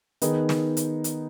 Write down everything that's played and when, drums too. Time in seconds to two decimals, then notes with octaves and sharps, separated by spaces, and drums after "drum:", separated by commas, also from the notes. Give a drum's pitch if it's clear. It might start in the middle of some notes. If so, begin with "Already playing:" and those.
0.22 D#3 B3 D#4 G#4, drum: hi-hat
0.49 drum: snare
0.77 drum: hi-hat
1.04 drum: hi-hat